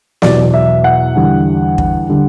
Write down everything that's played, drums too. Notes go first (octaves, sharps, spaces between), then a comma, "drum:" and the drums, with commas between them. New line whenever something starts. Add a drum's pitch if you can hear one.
E2 B2 F#3 D5, drum: snare
E5
F#5
E2 D3 G3
drum: kick
D3 G3